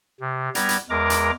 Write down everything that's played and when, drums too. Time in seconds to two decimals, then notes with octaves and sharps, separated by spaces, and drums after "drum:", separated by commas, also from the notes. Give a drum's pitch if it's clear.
0.20 C3
0.55 G3 B3 A#5 G#6, drum: hi-hat
0.69 drum: hi-hat
0.90 E2 G#3 A#4 A#5 D6
1.10 drum: hi-hat